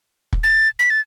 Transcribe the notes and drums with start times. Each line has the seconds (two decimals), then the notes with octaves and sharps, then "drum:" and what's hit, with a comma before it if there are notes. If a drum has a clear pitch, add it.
0.33 drum: kick
0.43 A6
0.79 B6
0.90 A6